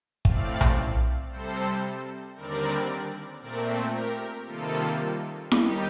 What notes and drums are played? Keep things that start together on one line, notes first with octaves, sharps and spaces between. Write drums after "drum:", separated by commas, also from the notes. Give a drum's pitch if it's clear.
A2 A3 C4 D5 F5, drum: kick
drum: tom B1
C3 G3 C4 A4 C5
D#2 D3 G3 C4 A#4 D5
A#2 A3 C4 A#4 D5
G4 A#4
C3 D#3 G3 A#3 F4 A4
D#2 D#3 G3 D#4 G4, drum: snare E4